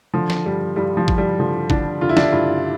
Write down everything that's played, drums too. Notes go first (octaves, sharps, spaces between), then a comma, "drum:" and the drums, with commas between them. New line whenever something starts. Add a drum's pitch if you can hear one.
D3 F3
drum: snare
G2 G3
G2 G3
F3
G2, drum: kick
G3
D3 F3
D3 D4, drum: kick
D3 F4
E4
D4, drum: snare
E4
G2 F4